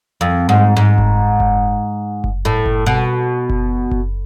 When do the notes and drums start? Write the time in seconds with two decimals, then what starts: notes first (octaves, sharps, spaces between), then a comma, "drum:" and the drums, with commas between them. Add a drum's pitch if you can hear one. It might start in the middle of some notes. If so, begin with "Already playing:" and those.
0.21 F2
0.49 G#2
0.77 G#2
0.98 drum: kick F#1
1.40 drum: kick F#1
2.24 drum: kick F#1
2.45 A2
2.66 drum: kick F#1
2.86 B2
3.50 drum: kick F#1
3.91 drum: kick F#1